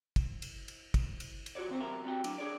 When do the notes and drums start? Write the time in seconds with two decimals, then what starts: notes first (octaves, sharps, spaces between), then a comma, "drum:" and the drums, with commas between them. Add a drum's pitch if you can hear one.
0.16 drum: kick, cymbal
0.42 drum: cymbal
0.68 drum: cymbal
0.94 drum: kick, cymbal
1.20 drum: cymbal
1.46 drum: cymbal
1.55 F4 F#4 B4 C#5 D5
1.68 D#3 C4 C5
1.80 E2 C3 F#3 A#4 E5
2.04 G3 C4 F#4 G5
2.24 F#3 D4 E4, drum: cymbal
2.38 D4 G#4 C#5 D5